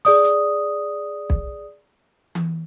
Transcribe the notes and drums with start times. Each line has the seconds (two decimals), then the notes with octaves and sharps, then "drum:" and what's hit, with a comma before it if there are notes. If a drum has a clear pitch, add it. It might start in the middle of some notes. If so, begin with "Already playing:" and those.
0.05 G#4 D5 D#6, drum: open hi-hat
0.24 drum: hi-hat
1.30 drum: kick B1
2.35 drum: tom E3